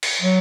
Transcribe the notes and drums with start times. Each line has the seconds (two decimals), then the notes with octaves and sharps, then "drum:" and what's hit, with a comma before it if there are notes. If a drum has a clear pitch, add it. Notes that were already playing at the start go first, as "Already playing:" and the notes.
0.03 drum: cymbal
0.22 F#3